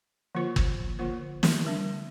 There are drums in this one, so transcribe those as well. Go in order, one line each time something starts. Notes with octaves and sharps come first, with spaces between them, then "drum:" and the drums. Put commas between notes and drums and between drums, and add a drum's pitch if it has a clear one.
D3 F3 A#3 F4 C5
drum: kick
D3 F3 A#3 F4 C5
drum: snare
D3 G3 D4